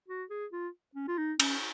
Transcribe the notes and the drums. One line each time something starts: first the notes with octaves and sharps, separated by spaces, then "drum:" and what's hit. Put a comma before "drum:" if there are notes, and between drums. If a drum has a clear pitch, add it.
F#4
G#4
F4
C#4
F4
D#4
C#4, drum: cymbal